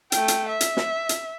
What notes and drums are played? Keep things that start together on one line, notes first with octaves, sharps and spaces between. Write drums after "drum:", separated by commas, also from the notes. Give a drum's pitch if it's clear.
A3 G5, drum: hi-hat
drum: hi-hat
E5
drum: hi-hat
drum: snare
drum: hi-hat